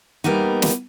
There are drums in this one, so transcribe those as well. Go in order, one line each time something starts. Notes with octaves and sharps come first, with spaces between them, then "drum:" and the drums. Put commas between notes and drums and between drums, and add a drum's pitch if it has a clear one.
G3 A#3 B3 D#4
drum: snare